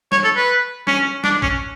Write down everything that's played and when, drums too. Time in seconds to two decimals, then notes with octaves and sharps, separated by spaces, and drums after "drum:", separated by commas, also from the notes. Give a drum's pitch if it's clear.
0.12 C#5, drum: snare
0.24 A4
0.36 B4
0.87 C#4, drum: snare
1.24 D4, drum: snare
1.42 C#4, drum: kick